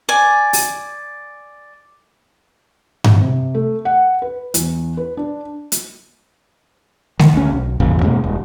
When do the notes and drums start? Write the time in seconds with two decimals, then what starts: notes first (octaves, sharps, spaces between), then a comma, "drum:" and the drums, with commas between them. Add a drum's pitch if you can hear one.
0.09 D5 G#5
0.53 drum: open hi-hat
3.04 drum: tom G2
3.21 C3
3.54 A3
3.85 F#5
4.22 B4
4.54 E2, drum: hi-hat
4.97 B4
5.17 D4
5.72 drum: hi-hat
7.19 D#3, drum: snare G#3
7.33 D2 C#4
7.52 B1
7.80 G#1 E2 A#2 C#3
8.02 F2 B2 G#3 A#3
8.24 D#1